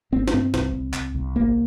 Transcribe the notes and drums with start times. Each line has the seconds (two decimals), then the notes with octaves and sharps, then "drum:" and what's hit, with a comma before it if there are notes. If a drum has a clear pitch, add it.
0.12 G#1 C4
0.28 D4, drum: snare
0.33 G2 C4
0.54 C2, drum: snare
0.74 C2
0.94 C2, drum: clap
1.15 C2
1.36 G#1 A#3